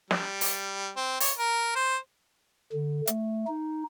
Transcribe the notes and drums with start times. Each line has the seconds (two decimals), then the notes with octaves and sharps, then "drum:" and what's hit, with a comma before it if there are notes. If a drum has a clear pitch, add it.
0.11 G3, drum: snare
0.41 drum: open hi-hat
0.96 C4
1.20 C#5, drum: open hi-hat
1.38 A#4
1.76 C5
2.72 D3
3.07 A3, drum: hi-hat
3.47 D#4